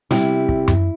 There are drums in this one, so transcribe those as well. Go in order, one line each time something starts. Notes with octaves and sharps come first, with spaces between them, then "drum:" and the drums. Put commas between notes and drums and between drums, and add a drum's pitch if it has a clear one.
C3 G3 E4, drum: snare
drum: kick
drum: tom F#2